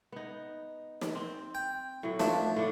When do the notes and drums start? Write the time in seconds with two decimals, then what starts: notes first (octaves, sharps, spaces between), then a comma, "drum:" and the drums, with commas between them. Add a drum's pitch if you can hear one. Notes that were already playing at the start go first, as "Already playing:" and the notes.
0.12 B3 D#4
1.02 drum: snare
1.15 C4
1.55 G5
2.03 A2 F#3
2.19 F3 A3 D4 E5, drum: snare
2.56 A2 D4 F#5